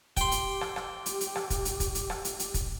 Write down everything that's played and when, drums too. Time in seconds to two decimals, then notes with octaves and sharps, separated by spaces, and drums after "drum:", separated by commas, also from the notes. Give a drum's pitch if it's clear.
0.17 G4 G5 C6, drum: kick, hi-hat
0.32 drum: hi-hat
0.61 drum: rim click
0.76 drum: rim click
1.06 drum: hi-hat
1.21 drum: hi-hat
1.35 drum: rim click
1.50 drum: kick, hi-hat
1.65 drum: hi-hat
1.80 drum: kick, hi-hat
1.95 drum: hi-hat
2.10 drum: rim click
2.25 drum: hi-hat
2.39 drum: hi-hat
2.54 drum: kick, hi-hat